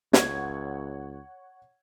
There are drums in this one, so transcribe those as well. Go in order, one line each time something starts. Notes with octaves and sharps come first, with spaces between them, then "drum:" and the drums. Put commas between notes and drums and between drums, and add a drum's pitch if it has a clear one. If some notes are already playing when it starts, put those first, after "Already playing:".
C#2 C#5 F#5 G#6, drum: snare